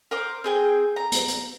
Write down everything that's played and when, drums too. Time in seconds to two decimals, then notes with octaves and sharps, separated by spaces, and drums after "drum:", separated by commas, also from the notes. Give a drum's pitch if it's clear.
0.11 A#4 C5 D6
0.44 C4 G#4 G5
0.96 A#5
1.12 drum: hi-hat
1.28 drum: hi-hat